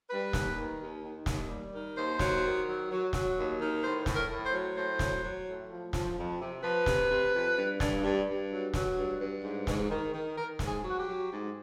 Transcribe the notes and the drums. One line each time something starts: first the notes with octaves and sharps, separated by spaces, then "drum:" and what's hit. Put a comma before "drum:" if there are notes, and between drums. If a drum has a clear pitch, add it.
G3 B4
D#2, drum: snare
D#3
D#2
D#3
D#2, drum: snare
G3
D#3
D#2 C5
F#3, drum: snare
D#3
F#3
F#3
F#3, drum: snare
D#2
D#3
A2 C5
A2, drum: snare
A#4
A2
C5
F#3
A2 C5
F#3, drum: snare
F#3
A2
F3
F3, drum: snare
F2
C3
F3 B4
C3, drum: snare
C3
F2
G2
G2, drum: snare
G2
G2
F#3
F#3, drum: snare
G2
G2
G#2
G#2, drum: snare
D#3
D#3
D#3 A#4
G#2, drum: snare
G#4
F#3
F#4
G4
F#3
G#2